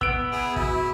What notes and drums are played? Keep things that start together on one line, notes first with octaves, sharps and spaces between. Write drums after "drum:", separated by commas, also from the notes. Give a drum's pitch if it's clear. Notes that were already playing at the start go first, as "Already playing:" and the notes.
B3 E6 D7, drum: kick
E4 G#4
E4 F#4, drum: kick